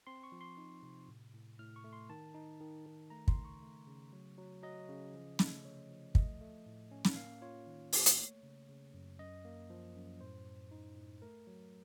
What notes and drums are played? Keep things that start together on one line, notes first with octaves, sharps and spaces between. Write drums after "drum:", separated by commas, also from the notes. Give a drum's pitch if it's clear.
C4 C6
C#6
F3
C6
D#4
C3
A2
A2
A2 F6
C#6
A3
C6
D#3 A5
D#4
D#3
D#3
A3 A#5
C6, drum: kick
C#3
C#6
A3
C#3
F#3
F#3
F#3 D#5
C#3
F3
A3, drum: snare
C3 C#5
F3
A3 D#5, drum: kick
A3
A2
C#4
drum: snare
A#3 F5
F4 C#5
D#3
A#3, drum: open hi-hat
drum: hi-hat
A3 C#5
C#3
C#3
F#2
F#2 D#5
A#3
F3
F#2
A2 C5
A2
D#4
A2
A3 A#4
F#3